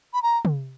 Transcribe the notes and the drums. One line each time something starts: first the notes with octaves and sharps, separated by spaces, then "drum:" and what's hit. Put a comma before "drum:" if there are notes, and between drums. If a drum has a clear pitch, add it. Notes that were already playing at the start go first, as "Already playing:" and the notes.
B5
A#5
drum: tom